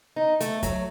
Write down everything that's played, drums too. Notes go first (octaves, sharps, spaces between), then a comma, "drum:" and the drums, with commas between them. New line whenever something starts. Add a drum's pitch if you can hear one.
D#4
A3, drum: hi-hat
F#3, drum: kick, hi-hat